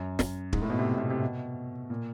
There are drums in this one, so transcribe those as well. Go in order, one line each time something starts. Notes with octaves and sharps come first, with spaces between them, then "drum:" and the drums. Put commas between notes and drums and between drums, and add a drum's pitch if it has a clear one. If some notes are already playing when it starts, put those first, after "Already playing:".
Already playing: F#2
drum: snare
G#2, drum: kick
A2
B2
C3
B2
C3
B2
A#2